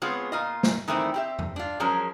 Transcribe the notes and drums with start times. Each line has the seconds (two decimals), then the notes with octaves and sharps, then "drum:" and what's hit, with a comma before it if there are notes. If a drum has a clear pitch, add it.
0.02 G#3 B3 C4 F4 G#4 C#5
0.32 A#2 F4 D#5
0.63 drum: snare
0.88 D#3 E3 G3 A3 C4 E4
1.14 C4 G4 E5
1.39 drum: tom E2
1.56 D4 F4
1.80 F3 F#3 G#3 C#4 A#4